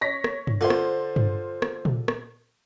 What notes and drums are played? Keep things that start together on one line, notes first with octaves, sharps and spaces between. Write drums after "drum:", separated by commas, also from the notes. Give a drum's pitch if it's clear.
C#5 A#6 B6
drum: rim click
drum: tom G2
D3 F4 C5 C6
drum: rim click
drum: tom G2
drum: rim click
drum: tom A#2
drum: rim click